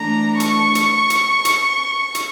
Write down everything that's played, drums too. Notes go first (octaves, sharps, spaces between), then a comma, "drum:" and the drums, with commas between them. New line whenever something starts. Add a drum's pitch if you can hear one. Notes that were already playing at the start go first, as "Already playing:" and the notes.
Already playing: E3 A3 D4 A#5
C#6, drum: hi-hat
drum: hi-hat
drum: hi-hat
drum: hi-hat
drum: hi-hat